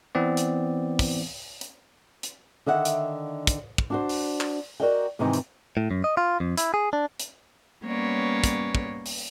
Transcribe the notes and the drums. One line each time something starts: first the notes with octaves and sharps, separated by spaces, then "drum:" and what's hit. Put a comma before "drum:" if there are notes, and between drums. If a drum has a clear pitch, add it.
E3 B3 C4 D5
drum: hi-hat
drum: kick, open hi-hat
drum: hi-hat
drum: hi-hat
D3 D#3 E5 F#5
drum: hi-hat
drum: kick, hi-hat
drum: kick
D4 F#4 C5
drum: open hi-hat
drum: clap
F#4 A#4 D5 D#5 G5
G#2 C3 D#3 E3 D#4
drum: hi-hat
A2
F#2
D#5
F4
F2
E4, drum: hi-hat
G#4
D4
drum: hi-hat
G3 A#3 B3 C#4 C#5 D5
drum: kick, hi-hat
drum: kick
drum: open hi-hat